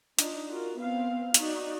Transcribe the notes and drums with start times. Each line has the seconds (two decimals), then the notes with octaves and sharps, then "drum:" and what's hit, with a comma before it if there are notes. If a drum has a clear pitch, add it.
0.19 D4 D#4 F4, drum: hi-hat
0.48 F4 F#4 A#4
0.78 B3 C4 F5
1.34 D#4 F#4 D5, drum: hi-hat